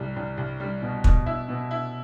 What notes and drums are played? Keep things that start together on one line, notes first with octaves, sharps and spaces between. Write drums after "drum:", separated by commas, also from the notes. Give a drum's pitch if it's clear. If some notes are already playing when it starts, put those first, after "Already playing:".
Already playing: C2 G3
C2
C2
G3
B2
B2, drum: kick
E4
B2
E4